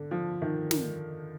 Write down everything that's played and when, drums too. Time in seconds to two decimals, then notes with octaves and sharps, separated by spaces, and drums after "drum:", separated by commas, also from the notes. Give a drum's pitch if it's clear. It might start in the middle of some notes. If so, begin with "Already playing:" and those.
Already playing: D3
0.11 F3
0.42 D#3
0.71 drum: snare